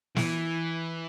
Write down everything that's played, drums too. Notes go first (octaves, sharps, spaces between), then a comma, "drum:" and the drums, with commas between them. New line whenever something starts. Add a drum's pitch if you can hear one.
E3, drum: snare